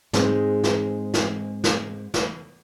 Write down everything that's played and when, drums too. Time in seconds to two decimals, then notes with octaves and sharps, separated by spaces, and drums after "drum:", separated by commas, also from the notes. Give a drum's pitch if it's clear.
0.13 G#2 G#3 C4 D#4, drum: snare
0.63 drum: snare
1.14 drum: snare
1.64 drum: snare
2.14 drum: snare